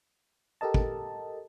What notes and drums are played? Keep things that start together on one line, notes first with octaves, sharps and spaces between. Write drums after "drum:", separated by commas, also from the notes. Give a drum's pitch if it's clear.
G4 A4 A#4 D#5 A5
drum: kick